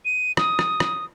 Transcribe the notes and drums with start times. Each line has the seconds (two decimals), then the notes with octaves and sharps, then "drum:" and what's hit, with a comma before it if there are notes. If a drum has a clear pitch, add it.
0.05 D#7
0.37 D#6, drum: rim click
0.59 drum: rim click
0.80 drum: rim click